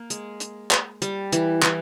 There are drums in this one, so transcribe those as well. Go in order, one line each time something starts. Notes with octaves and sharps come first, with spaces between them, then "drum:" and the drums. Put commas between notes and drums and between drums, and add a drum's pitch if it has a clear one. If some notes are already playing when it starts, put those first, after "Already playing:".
Already playing: A#3
G#3, drum: hi-hat
drum: hi-hat
drum: clap
G3, drum: hi-hat
E3, drum: hi-hat
E3, drum: clap